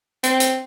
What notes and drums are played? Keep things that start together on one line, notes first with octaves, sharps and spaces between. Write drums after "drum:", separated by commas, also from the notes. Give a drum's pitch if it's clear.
C4, drum: hi-hat
drum: hi-hat